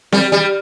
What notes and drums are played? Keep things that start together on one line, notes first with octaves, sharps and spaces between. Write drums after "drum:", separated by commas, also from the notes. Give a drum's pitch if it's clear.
G3, drum: snare C4
G3